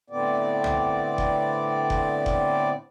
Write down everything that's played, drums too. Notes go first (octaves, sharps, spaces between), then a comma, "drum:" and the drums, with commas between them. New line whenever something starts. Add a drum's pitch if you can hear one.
A2 D3 B3 C4 D5
drum: tom B1
drum: kick F#1
drum: kick F#1
drum: kick F#1